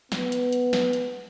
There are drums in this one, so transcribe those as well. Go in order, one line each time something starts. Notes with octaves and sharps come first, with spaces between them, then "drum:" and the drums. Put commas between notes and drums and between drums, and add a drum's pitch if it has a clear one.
B3, drum: snare
drum: hi-hat
drum: hi-hat
drum: snare
drum: hi-hat